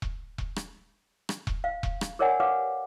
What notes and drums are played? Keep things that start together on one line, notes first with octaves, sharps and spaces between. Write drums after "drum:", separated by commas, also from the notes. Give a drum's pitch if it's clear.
drum: kick E1
drum: kick E1
drum: rim click
drum: rim click
drum: kick E1
F5
drum: kick E1
drum: rim click
G#4 A#4 C#5 D5 F#5 G#5
G4 B4 C#5 F5 F#5 D6